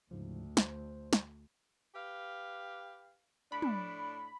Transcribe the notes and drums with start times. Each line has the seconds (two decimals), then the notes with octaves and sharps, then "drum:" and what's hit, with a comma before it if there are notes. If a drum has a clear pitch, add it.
0.11 D2 G#2 C#3 F3
0.57 C5, drum: snare
1.13 drum: snare
1.94 G4 B4 F5
3.52 A2 D4 B5
3.62 drum: tom